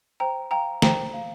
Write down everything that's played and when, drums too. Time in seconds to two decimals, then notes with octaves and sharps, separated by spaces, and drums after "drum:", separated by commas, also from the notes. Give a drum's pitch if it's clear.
0.20 C5 G5 A#5
0.51 F5 G5 A#5
0.82 C5 G5 A#5, drum: snare
1.13 F5